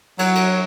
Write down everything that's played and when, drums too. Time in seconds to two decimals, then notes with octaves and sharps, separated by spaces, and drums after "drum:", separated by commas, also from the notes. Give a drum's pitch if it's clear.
0.19 F#3, drum: cymbal
0.35 drum: cymbal